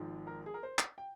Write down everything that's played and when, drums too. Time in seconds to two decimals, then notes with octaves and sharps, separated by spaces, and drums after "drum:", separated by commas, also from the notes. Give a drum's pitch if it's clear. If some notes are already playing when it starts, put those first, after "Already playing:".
Already playing: G#1 G#2 F3
0.27 A#4
0.46 G#4
0.54 A#4
0.63 C5
0.79 drum: clap
0.98 G5